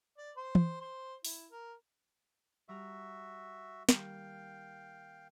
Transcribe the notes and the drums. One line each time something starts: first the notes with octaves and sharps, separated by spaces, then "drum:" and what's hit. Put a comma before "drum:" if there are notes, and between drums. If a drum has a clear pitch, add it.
D5
C5
drum: tom
C5
E4, drum: open hi-hat
A#4
G3 F#4 E5 A#5 F6
D#3 G3 A#3 F5 G5, drum: snare